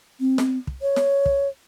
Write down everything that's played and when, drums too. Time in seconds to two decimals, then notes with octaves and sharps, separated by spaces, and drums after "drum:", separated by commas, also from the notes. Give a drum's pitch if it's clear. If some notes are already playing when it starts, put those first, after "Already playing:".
0.20 C4
0.38 drum: snare
0.67 drum: kick
0.82 C#5
0.96 drum: snare
1.26 drum: kick